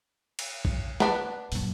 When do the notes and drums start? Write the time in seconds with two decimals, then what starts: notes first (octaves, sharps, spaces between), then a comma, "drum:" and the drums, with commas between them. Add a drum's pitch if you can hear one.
0.39 drum: cymbal
0.65 drum: kick
1.00 B3 D4, drum: snare
1.52 F#2 A#2, drum: open hi-hat